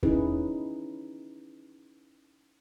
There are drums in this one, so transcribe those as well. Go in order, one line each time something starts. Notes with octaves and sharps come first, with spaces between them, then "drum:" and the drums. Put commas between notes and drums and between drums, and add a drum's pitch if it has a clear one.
C#4 D#4 E4 G#4 B4, drum: kick E2